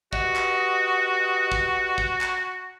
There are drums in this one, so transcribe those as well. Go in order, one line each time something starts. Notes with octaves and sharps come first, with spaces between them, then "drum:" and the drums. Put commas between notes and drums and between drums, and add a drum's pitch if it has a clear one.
F#4 G4 B4 D#5, drum: kick
drum: clap
drum: kick
drum: kick
drum: clap